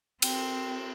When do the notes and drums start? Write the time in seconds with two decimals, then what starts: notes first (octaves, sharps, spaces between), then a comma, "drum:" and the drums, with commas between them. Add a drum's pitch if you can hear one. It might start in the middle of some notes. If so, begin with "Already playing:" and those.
0.22 C4 G5, drum: cymbal